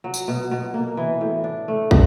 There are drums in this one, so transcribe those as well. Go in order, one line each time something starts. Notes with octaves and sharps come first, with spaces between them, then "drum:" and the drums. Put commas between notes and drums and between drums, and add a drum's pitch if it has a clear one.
F#3
drum: tambourine
B2
B2
A#3
E3
A2
D4
A3
F3, drum: kick